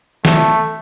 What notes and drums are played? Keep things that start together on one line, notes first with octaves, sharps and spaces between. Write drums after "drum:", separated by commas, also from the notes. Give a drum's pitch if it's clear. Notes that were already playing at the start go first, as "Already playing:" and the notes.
A3, drum: snare